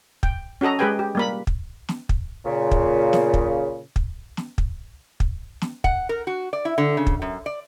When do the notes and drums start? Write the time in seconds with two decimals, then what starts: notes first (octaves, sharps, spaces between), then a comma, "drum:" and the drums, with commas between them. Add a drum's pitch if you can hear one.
0.23 G5, drum: kick
0.61 C#4 F#4 A4 D#5 A#5
0.79 G#3 G4 G#4 B4 G5 G#5
0.99 G4
1.15 G3 A#3 B5
1.47 drum: kick
1.89 drum: snare
2.09 drum: kick
2.45 A#2 C#3
2.71 drum: kick
3.13 drum: snare
3.34 drum: kick
3.96 drum: kick
4.37 drum: snare
4.58 drum: kick
5.20 drum: kick
5.62 drum: snare
5.84 F#5, drum: kick
6.09 A#4
6.27 F#4
6.53 D5
6.65 E4
6.78 D3
6.97 C#3
7.07 drum: kick
7.22 F#2
7.46 D5